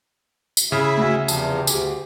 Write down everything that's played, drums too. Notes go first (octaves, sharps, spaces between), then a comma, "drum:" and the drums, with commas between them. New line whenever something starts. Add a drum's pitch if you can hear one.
drum: tambourine
C#3 E4 G#4 E5
D2 A2 F#4
E2 C3 F3 A5, drum: tambourine
D2 G4 G#4, drum: tambourine